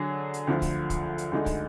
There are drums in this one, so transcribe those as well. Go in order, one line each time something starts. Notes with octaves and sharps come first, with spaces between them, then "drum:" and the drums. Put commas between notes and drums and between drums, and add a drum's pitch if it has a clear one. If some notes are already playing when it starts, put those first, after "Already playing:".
Already playing: D3 F#3 D4 G#4
drum: hi-hat
D2 D3 F3
drum: kick, open hi-hat
drum: kick, hi-hat
drum: hi-hat
D2 D3 G#3 D#4
drum: kick, open hi-hat